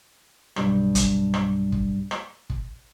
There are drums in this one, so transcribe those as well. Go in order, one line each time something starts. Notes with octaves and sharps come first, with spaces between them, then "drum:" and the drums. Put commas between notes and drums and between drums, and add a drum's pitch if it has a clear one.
B1 G2 G3, drum: rim click
drum: kick, hi-hat
drum: rim click
drum: kick
drum: rim click
drum: kick